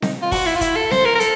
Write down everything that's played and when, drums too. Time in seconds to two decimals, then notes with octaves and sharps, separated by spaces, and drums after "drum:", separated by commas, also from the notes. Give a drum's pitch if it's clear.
0.02 D#4, drum: snare C4
0.22 F4
0.32 F#4, drum: kick, open hi-hat
0.46 E4
0.56 F4
0.61 E4, drum: kick, hi-hat
0.76 A4
0.91 C5, drum: snare C4
1.05 A#4
1.15 A#4
1.20 A4, drum: hi-hat